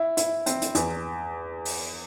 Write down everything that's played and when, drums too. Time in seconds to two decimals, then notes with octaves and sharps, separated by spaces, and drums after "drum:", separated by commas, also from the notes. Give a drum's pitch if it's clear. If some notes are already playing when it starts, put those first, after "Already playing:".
Already playing: E4
0.17 E4, drum: hi-hat
0.46 C4, drum: hi-hat
0.62 drum: hi-hat
0.75 E2, drum: hi-hat
1.65 drum: open hi-hat